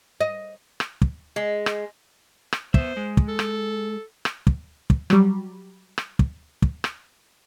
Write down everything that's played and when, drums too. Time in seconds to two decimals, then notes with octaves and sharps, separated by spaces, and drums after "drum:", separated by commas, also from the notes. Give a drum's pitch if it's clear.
0.20 D#5
0.80 drum: rim click
1.02 drum: kick
1.36 G#3
1.66 drum: rim click
2.53 drum: rim click
2.74 B3 C5 E5, drum: kick
2.97 G#3
3.17 drum: kick
3.28 A4
3.39 drum: rim click
4.25 drum: rim click
4.47 drum: kick
4.90 drum: kick
5.10 F#3 G3, drum: rim click
5.98 drum: rim click
6.19 drum: kick
6.62 drum: kick
6.84 drum: rim click